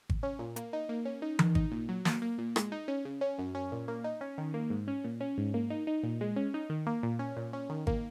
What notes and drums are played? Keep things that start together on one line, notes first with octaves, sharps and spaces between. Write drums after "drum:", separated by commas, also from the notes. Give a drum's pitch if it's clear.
drum: kick G#1
C#4
A#2
A#3, drum: hi-hat
D#4
A#3
C#4
D#4
D#3, drum: tom E3
D#4, drum: kick G#1
A#2
F#3
A#3, drum: snare
A#3
A#2
G#3, drum: rim click
D#4
C#4
C#3
C#4
F#2
C#4
A#2
A#3
D#4
C#4
D#3
A#3
G#2
C#4
A#2
C#4
G#2
A#3
D#4
D#4
A#2
G#3
C#4
D#4
D#3
A#3
A#2
C#4
A#2
C#4
D#3
A#3, drum: kick G#1